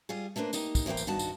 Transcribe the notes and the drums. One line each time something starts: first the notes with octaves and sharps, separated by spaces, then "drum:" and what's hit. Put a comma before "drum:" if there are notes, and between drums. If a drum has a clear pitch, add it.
G3 F4 G#4
A3 A#3 D4 B4 C5
A#3 D#4 G4, drum: tambourine
drum: kick, tambourine
A2 E3 A#3 C5 G5
drum: tambourine
G2 D#3 F#4 A5
drum: tambourine